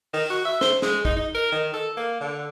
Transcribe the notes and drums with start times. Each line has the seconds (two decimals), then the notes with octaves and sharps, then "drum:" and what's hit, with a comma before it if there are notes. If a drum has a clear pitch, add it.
0.14 D#3, drum: open hi-hat
0.30 F#4
0.46 E5
0.61 C5, drum: snare
0.82 G#3, drum: snare
1.05 D#4, drum: kick
1.17 D#4
1.35 A#4
1.52 D#3
1.74 A4
1.97 A#3
2.21 D3